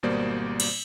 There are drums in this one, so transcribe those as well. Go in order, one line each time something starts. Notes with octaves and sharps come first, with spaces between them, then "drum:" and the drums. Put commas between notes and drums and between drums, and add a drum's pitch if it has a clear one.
G#1 B2 G3 A#3 C5 D5
drum: cymbal